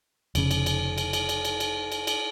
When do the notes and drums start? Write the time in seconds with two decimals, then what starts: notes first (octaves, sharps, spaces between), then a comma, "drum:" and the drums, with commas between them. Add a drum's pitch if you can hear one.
0.35 F1 C#3, drum: cymbal
0.51 drum: cymbal
0.66 drum: cymbal
0.98 drum: cymbal
1.13 drum: cymbal
1.29 drum: cymbal
1.45 drum: cymbal
1.60 drum: cymbal
1.92 drum: cymbal
2.07 drum: cymbal